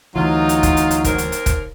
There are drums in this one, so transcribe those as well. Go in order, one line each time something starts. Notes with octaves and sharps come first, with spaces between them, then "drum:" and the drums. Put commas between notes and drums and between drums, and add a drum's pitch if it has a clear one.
D2 E3 F#3 D#4 F4
drum: hi-hat
drum: kick, hi-hat
drum: hi-hat
drum: hi-hat
D#2 C4 A#4, drum: kick, hi-hat
drum: hi-hat
drum: hi-hat
drum: kick, hi-hat